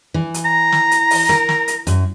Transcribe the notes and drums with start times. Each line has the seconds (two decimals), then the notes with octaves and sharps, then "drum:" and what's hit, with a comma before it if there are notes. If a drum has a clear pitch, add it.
0.14 E3
0.34 drum: hi-hat
0.45 A#5
0.72 drum: snare
0.91 drum: hi-hat
1.11 drum: open hi-hat
1.29 A#4, drum: snare
1.49 drum: snare
1.68 drum: hi-hat
1.87 F#2, drum: hi-hat